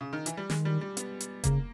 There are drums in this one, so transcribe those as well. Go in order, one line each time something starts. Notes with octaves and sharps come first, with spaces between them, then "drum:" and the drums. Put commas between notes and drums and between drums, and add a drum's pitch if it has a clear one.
C#3
D#3
E3, drum: hi-hat
G3
D#3 G#3, drum: snare
G3
G3
B3, drum: hi-hat
drum: hi-hat
C#3 A#3, drum: kick F1, hi-hat